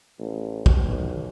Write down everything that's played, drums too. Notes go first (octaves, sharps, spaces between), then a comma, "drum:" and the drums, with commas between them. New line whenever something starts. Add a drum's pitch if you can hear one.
A1
drum: kick
B1